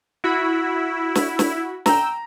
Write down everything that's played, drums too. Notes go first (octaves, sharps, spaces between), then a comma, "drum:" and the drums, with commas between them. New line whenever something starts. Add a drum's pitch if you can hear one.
E4 F#4 B5
drum: snare
drum: snare
G5 A#5 E6, drum: snare